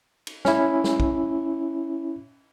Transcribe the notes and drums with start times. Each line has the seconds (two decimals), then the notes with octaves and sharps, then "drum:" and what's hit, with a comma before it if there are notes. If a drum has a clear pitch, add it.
0.27 drum: cymbal
0.45 C#4 E4, drum: snare
0.84 drum: snare
1.00 drum: kick